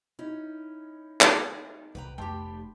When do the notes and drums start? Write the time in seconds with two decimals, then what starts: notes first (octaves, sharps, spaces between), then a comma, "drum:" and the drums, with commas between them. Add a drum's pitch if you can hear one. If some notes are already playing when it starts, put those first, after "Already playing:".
0.19 C#4 D#4 E4
1.21 drum: clap
1.95 C2 B4 G5 A#5
2.18 F1 B3 G4 G5 A5 C6